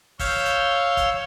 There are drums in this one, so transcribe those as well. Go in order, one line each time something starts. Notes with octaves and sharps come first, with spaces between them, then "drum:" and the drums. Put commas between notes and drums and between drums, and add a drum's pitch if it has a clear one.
C#5 F5 E6 G6, drum: kick, open hi-hat
drum: hi-hat
drum: kick, hi-hat